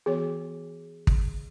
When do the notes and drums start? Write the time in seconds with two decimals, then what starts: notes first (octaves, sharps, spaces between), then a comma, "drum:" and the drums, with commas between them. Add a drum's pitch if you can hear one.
0.06 E3 B3 F#4 G#4 C#5
1.07 drum: kick